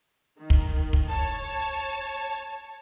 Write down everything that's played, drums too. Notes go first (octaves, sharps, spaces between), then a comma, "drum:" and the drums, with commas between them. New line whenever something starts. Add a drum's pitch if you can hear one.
D#3
drum: kick
drum: kick
C#5 A5